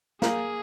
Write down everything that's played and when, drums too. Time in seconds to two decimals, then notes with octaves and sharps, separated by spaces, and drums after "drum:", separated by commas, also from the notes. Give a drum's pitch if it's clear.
0.22 A#3 G#4, drum: snare